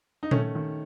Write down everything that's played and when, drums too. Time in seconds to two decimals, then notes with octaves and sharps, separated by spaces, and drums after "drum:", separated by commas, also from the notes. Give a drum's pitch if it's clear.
0.23 D#4
0.31 D#3 A3 C#4, drum: tom A#2
0.55 D#3